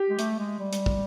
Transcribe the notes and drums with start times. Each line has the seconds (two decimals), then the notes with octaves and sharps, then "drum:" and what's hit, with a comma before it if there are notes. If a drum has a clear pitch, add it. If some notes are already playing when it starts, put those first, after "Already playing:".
Already playing: G4
0.09 G#3
0.19 A3, drum: hi-hat
0.39 G#3
0.59 G3
0.73 drum: hi-hat
0.86 drum: kick